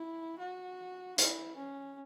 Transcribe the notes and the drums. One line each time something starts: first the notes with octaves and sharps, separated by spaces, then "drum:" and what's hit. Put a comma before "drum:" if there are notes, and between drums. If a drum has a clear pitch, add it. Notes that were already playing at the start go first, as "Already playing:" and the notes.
Already playing: E4
F#4
E4, drum: hi-hat
C#4